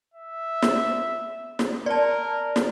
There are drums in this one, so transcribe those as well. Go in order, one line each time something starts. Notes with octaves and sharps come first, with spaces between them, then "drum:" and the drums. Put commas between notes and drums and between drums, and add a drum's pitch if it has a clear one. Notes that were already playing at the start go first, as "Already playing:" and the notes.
E5
drum: snare
drum: snare
A#4 D5 A5
drum: snare